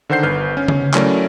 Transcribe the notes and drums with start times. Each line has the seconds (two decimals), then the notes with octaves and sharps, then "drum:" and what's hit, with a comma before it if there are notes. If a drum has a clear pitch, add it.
0.10 D3 D#3 C5 F#5 G6 C7
0.23 G1 B4 F6 G6
0.57 C#4
0.68 drum: tom C#3
0.94 F#3 A3 C#4 E4 A#4 D5, drum: clap